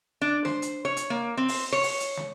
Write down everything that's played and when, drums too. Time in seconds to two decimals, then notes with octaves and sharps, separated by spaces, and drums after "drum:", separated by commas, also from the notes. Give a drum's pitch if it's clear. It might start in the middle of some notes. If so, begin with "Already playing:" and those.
0.21 D4
0.45 C5, drum: snare
0.62 drum: hi-hat
0.85 C#5
0.97 drum: hi-hat
1.10 A#3
1.37 C4
1.48 drum: open hi-hat
1.73 C#5
1.83 drum: open hi-hat
2.00 drum: hi-hat
2.17 drum: snare